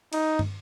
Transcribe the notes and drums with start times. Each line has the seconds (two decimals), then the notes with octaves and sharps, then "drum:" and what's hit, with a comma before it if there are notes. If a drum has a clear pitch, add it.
0.13 D#4, drum: cymbal
0.39 drum: tom